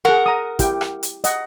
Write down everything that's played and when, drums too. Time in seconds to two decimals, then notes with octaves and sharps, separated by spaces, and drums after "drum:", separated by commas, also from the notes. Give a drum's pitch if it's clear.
0.05 G#4 A#4 F#5 C#6
0.26 A#5 D#6
0.59 E4 G4 G5, drum: kick, hi-hat
0.81 drum: rim click
1.03 drum: hi-hat
1.24 D#5 F#5, drum: hi-hat